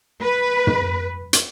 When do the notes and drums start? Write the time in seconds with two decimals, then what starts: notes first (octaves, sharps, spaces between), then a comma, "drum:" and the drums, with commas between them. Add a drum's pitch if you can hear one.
0.23 B4
0.67 drum: tom
1.33 drum: hi-hat